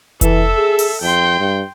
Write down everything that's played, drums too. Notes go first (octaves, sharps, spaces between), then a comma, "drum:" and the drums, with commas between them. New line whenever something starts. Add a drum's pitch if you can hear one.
E3 A4 E5, drum: kick F1, hi-hat
G#4
drum: open hi-hat
F2 G5 C6
G2